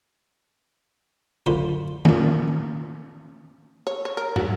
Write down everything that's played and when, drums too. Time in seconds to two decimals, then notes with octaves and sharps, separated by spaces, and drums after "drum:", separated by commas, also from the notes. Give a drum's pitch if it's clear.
1.46 C#2 F#2 D3 F4 C5 B5
2.05 F2 A#2, drum: tom D#3
3.87 C#5
4.05 C#5
4.17 A#4
4.36 F#4, drum: tom